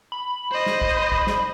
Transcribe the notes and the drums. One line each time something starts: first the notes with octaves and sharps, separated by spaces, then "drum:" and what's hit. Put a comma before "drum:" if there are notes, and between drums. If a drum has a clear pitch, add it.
B5
C5 D#5
drum: snare
drum: kick
drum: kick
drum: snare